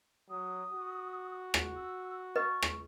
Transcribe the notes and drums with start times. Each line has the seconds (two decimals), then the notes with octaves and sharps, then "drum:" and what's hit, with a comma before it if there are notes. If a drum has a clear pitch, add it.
0.30 F#3 D#6
0.72 F#4
1.54 drum: rim click
1.76 E6
2.36 B4 D#5 C#6
2.62 drum: rim click